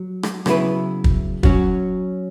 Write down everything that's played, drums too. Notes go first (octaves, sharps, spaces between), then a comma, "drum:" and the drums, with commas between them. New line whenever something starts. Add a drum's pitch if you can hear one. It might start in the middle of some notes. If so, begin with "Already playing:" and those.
Already playing: F#3
drum: rim click
C#3 F#3 B3 E4 B4, drum: rim click
drum: kick
F#3 C#4 F#4, drum: kick